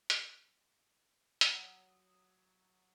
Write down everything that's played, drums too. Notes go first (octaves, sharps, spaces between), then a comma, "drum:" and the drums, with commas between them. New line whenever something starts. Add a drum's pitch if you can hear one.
drum: hi-hat
F#3 D#6, drum: hi-hat